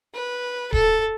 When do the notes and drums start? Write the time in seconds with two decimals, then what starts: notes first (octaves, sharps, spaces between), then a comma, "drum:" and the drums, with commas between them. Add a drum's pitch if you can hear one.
0.14 B4
0.73 A4, drum: kick D1